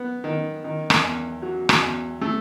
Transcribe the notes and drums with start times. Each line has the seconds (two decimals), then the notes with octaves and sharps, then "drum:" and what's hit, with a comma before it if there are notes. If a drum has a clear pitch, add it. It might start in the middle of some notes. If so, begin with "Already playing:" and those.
Already playing: B3
0.24 D#3
0.64 D#3
0.90 drum: rim click
1.04 E2
1.42 F#3
1.69 drum: rim click
1.82 E2
2.22 A3